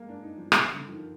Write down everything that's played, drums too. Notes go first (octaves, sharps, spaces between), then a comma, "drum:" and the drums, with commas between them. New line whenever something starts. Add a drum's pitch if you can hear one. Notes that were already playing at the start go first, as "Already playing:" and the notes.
Already playing: G#3 A#3
D4
D#4
F3
D#3, drum: rim click
D3
F3
D#3